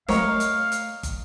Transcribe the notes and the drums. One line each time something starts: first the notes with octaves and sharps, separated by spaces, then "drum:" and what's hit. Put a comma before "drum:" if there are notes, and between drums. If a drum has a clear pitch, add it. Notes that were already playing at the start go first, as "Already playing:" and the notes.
A3 A#4 C#5 D#5 F5, drum: snare
drum: hi-hat
drum: hi-hat
drum: kick, hi-hat